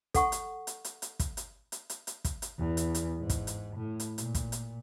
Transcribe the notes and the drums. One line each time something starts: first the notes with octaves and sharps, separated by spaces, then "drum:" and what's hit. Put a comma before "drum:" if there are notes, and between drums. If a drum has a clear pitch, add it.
A4 F#5 C#6, drum: kick, hi-hat
drum: hi-hat
drum: hi-hat
drum: hi-hat
drum: hi-hat
drum: kick, hi-hat
drum: hi-hat
drum: hi-hat
drum: hi-hat
drum: hi-hat
drum: kick, hi-hat
drum: hi-hat
E2
drum: hi-hat
drum: hi-hat
G#2
drum: kick, hi-hat
drum: hi-hat
A2
drum: hi-hat
A#2, drum: hi-hat
drum: kick, hi-hat
drum: hi-hat